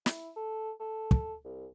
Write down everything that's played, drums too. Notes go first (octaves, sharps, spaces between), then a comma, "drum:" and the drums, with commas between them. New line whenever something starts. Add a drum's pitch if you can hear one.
E4, drum: snare
A4
A4
drum: kick
C2